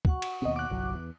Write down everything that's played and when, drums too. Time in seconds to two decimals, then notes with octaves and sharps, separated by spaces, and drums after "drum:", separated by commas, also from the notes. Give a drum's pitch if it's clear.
0.05 F#4 F#5 C#6, drum: kick
0.22 drum: cymbal
0.42 D#2 B2 C4 D#5
0.56 D6 F#6
0.70 G1 C2 F#3
0.94 E2